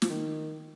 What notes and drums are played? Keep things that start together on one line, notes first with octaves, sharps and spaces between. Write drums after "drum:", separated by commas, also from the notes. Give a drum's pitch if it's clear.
F3, drum: snare
D#3